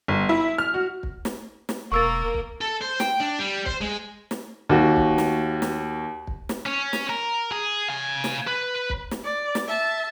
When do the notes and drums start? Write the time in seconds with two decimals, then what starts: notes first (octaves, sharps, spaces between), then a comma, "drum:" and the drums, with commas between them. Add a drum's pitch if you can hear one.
0.08 G1
0.29 E4
0.58 F6
0.74 F#4
1.03 drum: kick
1.25 drum: snare
1.69 drum: snare
1.92 E1 A#3 A#4 C#6 E6 A6
2.34 drum: kick
2.61 A4
2.81 C5
3.00 G5, drum: snare
3.20 D4
3.39 G3
3.66 C5, drum: kick
3.81 G#3
4.31 drum: snare
4.69 D#2 F#4
4.96 drum: kick
5.18 drum: snare
5.62 drum: snare
6.27 drum: kick
6.49 drum: snare
6.66 C#4
6.93 drum: snare
7.10 A#4
7.52 G#4
7.89 F5 G#5
8.24 drum: snare
8.47 B4
8.90 drum: kick
9.11 drum: snare
9.24 D5
9.55 drum: snare
9.68 E5 A5